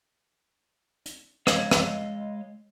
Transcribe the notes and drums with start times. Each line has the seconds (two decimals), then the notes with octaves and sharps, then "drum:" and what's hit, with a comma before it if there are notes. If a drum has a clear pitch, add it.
1.06 drum: hi-hat
1.47 G#3 C#5 D#5 F5, drum: rim click
1.71 drum: rim click